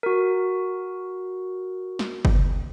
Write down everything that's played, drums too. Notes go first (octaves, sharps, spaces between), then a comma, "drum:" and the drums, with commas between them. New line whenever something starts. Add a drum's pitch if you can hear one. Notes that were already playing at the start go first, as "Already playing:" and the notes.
F#4 A#4
drum: snare
drum: kick F#1